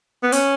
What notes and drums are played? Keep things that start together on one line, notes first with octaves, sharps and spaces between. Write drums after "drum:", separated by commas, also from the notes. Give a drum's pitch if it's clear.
B3
C#4, drum: hi-hat